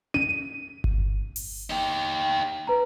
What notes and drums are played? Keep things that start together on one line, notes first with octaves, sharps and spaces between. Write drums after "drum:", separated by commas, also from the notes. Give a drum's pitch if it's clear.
D#7, drum: tom C#4
drum: kick G1
drum: open hi-hat
D#4 G4
B4 A#5